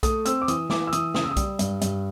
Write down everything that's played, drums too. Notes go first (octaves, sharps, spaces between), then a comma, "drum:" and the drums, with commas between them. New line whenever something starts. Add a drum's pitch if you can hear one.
A3 D#6, drum: kick B1, hi-hat
C4 E6, drum: hi-hat
D6
E3 D#6, drum: hi-hat
E3 D6, drum: snare
E6
E3 D#6, drum: hi-hat
C#3 D#6, drum: snare
E6
D#6
G3, drum: kick B1, hi-hat
G2, drum: hi-hat
G2, drum: hi-hat